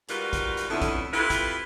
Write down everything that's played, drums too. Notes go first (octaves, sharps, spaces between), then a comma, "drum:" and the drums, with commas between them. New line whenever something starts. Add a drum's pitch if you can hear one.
G#2 G3 F4 F#4 A#4 B4, drum: hi-hat
drum: kick A1, hi-hat
drum: hi-hat
F2 D3 B3 C#4 E4
drum: kick A1, hi-hat
C4 E4 F4 G4 A4 B4
drum: kick A1, hi-hat